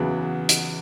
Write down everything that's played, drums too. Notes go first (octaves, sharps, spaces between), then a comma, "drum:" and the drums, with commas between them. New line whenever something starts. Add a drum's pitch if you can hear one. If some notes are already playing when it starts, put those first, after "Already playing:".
Already playing: E2 C#3 F#3 B3
drum: hi-hat